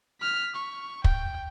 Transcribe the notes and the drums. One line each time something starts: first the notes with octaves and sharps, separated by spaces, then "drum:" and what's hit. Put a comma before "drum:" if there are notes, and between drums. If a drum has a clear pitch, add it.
F6 B6
C#6
G5, drum: kick